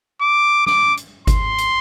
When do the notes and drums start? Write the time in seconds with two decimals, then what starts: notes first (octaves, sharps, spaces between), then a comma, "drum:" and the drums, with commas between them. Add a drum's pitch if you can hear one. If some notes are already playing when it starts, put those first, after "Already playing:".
0.21 D6
0.66 D6, drum: snare
0.97 drum: hi-hat
1.27 C6, drum: kick G1, hi-hat
1.58 drum: hi-hat